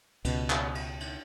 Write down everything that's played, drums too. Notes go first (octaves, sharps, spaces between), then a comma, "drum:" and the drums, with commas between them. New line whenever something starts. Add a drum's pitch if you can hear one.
C#2 B2, drum: cymbal
drum: clap
drum: cymbal
drum: cymbal